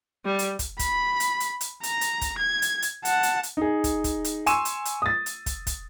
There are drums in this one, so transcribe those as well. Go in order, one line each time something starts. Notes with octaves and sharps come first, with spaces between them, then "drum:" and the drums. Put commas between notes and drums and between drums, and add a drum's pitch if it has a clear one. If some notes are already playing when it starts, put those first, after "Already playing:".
G3
drum: hi-hat
drum: kick, hi-hat
B5, drum: kick, hi-hat
drum: hi-hat
drum: hi-hat
drum: hi-hat
A#5, drum: hi-hat
drum: hi-hat
drum: kick, hi-hat
G#6
drum: hi-hat
drum: hi-hat
F#5 A5, drum: hi-hat
drum: hi-hat
drum: hi-hat
D#4 G#4
drum: kick, hi-hat
drum: kick, hi-hat
drum: hi-hat
G#5 C6 C#6 E6 D#7 E7, drum: hi-hat
drum: hi-hat
drum: hi-hat
D#6 A6
drum: hi-hat
drum: kick, hi-hat
drum: kick, hi-hat